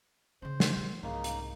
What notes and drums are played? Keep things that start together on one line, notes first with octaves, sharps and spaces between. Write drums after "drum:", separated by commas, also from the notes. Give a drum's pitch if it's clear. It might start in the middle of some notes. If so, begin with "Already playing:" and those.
C#3 C#4 C5
drum: snare
E3 A3
C2 G#2 C#3 A#3 D#4
drum: hi-hat